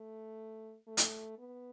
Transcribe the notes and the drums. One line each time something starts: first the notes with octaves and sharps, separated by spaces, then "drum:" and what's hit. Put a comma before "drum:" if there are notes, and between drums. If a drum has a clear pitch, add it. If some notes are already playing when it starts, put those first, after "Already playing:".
Already playing: A3
A3
drum: hi-hat
B3